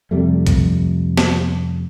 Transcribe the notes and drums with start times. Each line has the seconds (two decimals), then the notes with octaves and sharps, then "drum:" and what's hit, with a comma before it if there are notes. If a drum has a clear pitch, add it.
0.11 F2 C3 G3 A3
0.47 drum: kick A#1, hi-hat
1.17 drum: snare